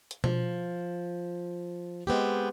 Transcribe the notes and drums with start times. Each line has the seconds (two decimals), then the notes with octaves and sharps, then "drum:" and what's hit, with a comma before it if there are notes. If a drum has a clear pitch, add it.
0.11 drum: hi-hat
0.24 F3, drum: tom B2
2.07 G#3 B3 C4 G4